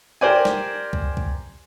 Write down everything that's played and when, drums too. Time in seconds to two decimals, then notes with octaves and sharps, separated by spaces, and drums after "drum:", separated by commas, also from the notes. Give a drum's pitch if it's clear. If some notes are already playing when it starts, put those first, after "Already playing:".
0.21 G4 A#4 C5 D5 G#5
0.45 drum: snare
0.93 drum: kick C2
1.17 drum: kick C2